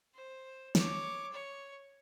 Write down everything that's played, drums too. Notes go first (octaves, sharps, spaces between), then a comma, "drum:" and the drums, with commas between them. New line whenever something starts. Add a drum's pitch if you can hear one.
C5
C#5 D6, drum: snare
C#5